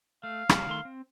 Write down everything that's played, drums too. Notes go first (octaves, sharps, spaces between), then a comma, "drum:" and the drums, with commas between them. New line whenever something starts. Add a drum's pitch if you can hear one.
A3 F5
G3 C#4 F#4, drum: rim click
D#3 A3 C6
C4